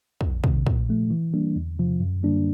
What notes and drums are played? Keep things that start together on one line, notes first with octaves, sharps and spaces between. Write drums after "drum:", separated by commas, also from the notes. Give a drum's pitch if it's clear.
F2, drum: kick
C3 D#3, drum: kick
A#2, drum: kick
F3 A3
E3
G3 A#3 D4
E2
C3 F3
F#2
D3 G3 A#3 D4